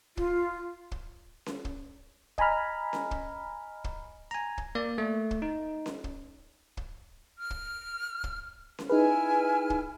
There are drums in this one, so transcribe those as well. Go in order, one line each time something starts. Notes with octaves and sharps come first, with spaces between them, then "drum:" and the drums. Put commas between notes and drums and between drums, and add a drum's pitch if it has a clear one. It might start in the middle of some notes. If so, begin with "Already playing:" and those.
F4, drum: kick
drum: kick
drum: snare C#4
drum: kick
D#5 G#5 A#5 B5 F6, drum: kick
drum: snare C#4
drum: kick
drum: kick
G#5 A#5
drum: kick
A#3 D5
A3
drum: kick
D#4
drum: snare C#4
drum: kick
drum: kick
F6
drum: kick
drum: kick
drum: snare C#4
D#4 E4 G#4 B4 G#5 F6
drum: kick